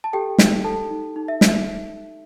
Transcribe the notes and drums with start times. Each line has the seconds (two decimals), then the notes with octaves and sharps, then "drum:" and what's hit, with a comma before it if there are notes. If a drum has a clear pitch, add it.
0.04 A5
0.13 G4 A4 G5
0.38 D#4, drum: snare
0.64 A4 A5
0.90 D#4
1.16 D#4
1.28 E5
1.41 D#4, drum: snare